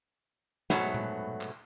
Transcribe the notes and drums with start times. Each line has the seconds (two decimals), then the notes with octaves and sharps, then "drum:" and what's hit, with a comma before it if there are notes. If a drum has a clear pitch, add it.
0.70 G#2 B2 F#3 A3, drum: snare
0.94 drum: tom A#2
1.41 drum: clap